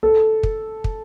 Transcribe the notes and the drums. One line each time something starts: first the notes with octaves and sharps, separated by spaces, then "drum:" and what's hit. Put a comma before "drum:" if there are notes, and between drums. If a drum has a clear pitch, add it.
A4
drum: kick
drum: kick